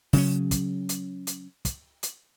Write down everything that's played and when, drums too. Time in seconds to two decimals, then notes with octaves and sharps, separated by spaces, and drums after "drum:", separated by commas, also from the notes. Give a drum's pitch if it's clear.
0.13 C#3 F#3 C#4, drum: open hi-hat
0.51 drum: kick, hi-hat
0.89 drum: hi-hat
1.27 drum: hi-hat
1.65 drum: kick, hi-hat
2.03 drum: hi-hat